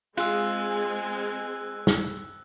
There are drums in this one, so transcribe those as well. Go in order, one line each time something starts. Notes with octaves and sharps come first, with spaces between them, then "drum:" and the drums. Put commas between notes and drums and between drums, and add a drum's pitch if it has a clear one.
G#3 C4 F4 G#4 G#5 E6 F#6, drum: cymbal
drum: snare